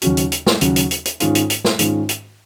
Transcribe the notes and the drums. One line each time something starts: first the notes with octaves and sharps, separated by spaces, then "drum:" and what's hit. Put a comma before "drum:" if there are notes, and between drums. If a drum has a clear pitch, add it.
D#2 C#3 F#3 C#4 F#4, drum: hi-hat
drum: hi-hat
drum: hi-hat
drum: snare
D#2 C#3 F#3 C#4 F#4, drum: hi-hat
drum: hi-hat
drum: hi-hat
drum: hi-hat
G#2 D#3 G#3 C#4 F4, drum: hi-hat
drum: hi-hat
drum: hi-hat
drum: snare
G#2 D#3 G#3 C#4 F4, drum: hi-hat
drum: hi-hat